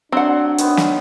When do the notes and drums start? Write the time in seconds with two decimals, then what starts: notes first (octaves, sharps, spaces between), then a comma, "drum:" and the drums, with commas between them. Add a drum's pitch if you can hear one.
0.12 F#3 C4 D4 F#5
0.58 D#3 B3 C5, drum: hi-hat
0.77 drum: snare